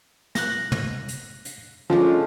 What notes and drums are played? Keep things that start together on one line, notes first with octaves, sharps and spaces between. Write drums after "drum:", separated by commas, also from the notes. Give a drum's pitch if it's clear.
F#6 A#6, drum: snare
drum: tom
drum: hi-hat
drum: hi-hat
F3 G#3 A3 C#4 D4